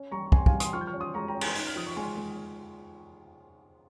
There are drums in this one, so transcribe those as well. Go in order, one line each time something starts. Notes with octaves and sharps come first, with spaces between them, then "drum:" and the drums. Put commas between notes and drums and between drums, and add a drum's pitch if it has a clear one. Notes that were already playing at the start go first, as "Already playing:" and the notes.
Already playing: C#4
G3 A#5 C#6
C#6
C3 G#5 C6, drum: kick
F5 G#5, drum: kick
G3
C6 D#6, drum: hi-hat
F3 C#6 F6
G6
C#6 F6
C#4
C6 D#6
G#3 A#5 C#6
G5 A#5
C#4
G#5 C6, drum: cymbal
D#4, drum: open hi-hat
F6
F3 D#6
C#6
G#3 G#5 C6
G#3